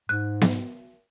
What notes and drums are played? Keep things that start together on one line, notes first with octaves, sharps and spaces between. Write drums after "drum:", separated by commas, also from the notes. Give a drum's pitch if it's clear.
G#2 F#6
drum: snare B3